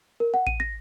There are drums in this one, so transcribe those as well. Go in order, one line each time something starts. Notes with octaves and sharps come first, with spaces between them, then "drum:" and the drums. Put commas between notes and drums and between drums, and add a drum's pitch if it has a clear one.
A#4
F#5
D#7, drum: kick A1
A#6